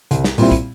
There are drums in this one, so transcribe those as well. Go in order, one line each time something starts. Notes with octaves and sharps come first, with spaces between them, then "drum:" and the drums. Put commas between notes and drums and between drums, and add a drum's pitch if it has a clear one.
C2, drum: hi-hat
drum: snare
A#2 G3 C4 E4, drum: open hi-hat
drum: kick, hi-hat